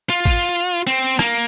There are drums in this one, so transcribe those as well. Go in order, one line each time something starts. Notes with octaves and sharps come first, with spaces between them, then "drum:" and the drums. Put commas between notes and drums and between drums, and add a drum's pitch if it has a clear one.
F4
drum: kick A1, open hi-hat
C4, drum: open hi-hat
A#3, drum: rim click